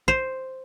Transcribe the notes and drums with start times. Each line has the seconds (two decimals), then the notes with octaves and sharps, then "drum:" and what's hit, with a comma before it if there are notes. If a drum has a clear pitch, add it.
0.08 C5, drum: kick